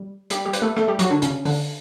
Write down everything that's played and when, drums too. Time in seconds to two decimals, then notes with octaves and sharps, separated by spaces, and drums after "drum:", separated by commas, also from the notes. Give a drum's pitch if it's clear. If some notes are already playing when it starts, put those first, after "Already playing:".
Already playing: G3
0.30 G3 G4, drum: hi-hat
0.46 G3 G4
0.53 B4, drum: hi-hat
0.62 A3 A4
0.77 A3 A4, drum: rim click
0.88 G3 G4
0.99 F#3 F#4, drum: hi-hat
1.11 D3 D4
1.22 C#3 C#4, drum: hi-hat
1.45 D3 D4, drum: open hi-hat